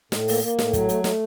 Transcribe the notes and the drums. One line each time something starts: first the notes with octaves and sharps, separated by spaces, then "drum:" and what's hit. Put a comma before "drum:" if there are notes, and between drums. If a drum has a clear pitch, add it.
A2, drum: snare
A#3, drum: open hi-hat
A#3
A2, drum: snare
F#3, drum: kick, hi-hat
A3, drum: hi-hat
A3, drum: snare